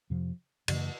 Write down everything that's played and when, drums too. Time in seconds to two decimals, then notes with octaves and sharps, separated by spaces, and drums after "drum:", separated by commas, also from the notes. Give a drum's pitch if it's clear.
0.10 F2 C3 F3
0.68 F#2 C#3 E3 A3, drum: cymbal